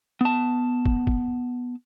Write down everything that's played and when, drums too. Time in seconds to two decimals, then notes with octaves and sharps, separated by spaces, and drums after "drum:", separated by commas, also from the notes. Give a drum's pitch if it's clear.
0.21 B3 A5
0.86 drum: kick
1.07 drum: kick